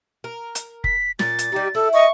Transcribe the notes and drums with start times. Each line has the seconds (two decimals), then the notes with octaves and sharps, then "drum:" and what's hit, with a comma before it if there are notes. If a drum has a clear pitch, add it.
0.24 A#4
0.55 drum: hi-hat
0.84 B6, drum: kick F1
1.19 A#2 A6, drum: snare
1.39 drum: hi-hat
1.52 G3 D#4 G4
1.75 E4 A4
1.94 D#5 C#6